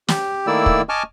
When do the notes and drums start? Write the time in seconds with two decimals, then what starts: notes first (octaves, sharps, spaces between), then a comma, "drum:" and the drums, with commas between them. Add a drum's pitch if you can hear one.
0.08 G4, drum: snare
0.47 D#3 A3 A#3 E4 D5 E6
0.66 drum: kick
0.89 D#5 G#5 A5 C#6 D6 F6